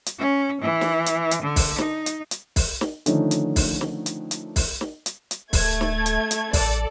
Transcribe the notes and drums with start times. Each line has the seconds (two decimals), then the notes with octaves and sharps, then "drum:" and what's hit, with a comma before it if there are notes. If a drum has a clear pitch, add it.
0.06 drum: hi-hat
0.19 C#4
0.61 E3
0.81 drum: snare
1.06 drum: hi-hat
1.31 drum: hi-hat
1.42 D3
1.56 drum: kick, open hi-hat
1.78 D#4, drum: snare
2.06 drum: hi-hat
2.31 drum: hi-hat
2.56 drum: kick, open hi-hat
2.81 drum: snare
3.06 D3 D#3 F3 A3 C#4 D#4, drum: hi-hat
3.31 drum: hi-hat
3.56 drum: kick, open hi-hat
3.81 drum: snare
4.06 drum: hi-hat
4.31 drum: hi-hat
4.56 drum: kick, open hi-hat
4.81 drum: snare
5.06 drum: hi-hat
5.31 drum: hi-hat
5.53 D1 A3 G#6, drum: kick, open hi-hat
5.81 drum: snare
6.06 drum: hi-hat
6.31 drum: hi-hat
6.53 A1 A4 D5, drum: kick, open hi-hat